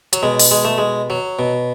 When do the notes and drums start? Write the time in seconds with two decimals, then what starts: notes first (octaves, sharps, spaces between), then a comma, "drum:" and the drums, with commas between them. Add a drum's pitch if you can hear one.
0.13 F#3, drum: hi-hat
0.23 B2 G#3
0.39 drum: open hi-hat
0.51 G#3
0.65 A3
0.78 G#3
1.10 F#3
1.39 B2